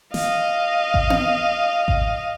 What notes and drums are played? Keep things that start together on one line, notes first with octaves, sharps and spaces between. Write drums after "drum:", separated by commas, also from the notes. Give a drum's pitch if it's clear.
D#5 F5, drum: snare
drum: kick A1
drum: tom B3
drum: kick A1